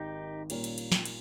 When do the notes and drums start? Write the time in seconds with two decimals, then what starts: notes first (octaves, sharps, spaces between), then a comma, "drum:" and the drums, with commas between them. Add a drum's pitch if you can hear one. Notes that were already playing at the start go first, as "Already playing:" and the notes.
Already playing: G#1 D#3 D#4 G4
0.50 A#2 G3 A#3 C#4 G4, drum: cymbal
0.64 drum: cymbal
0.78 drum: cymbal
0.92 drum: snare
1.05 drum: cymbal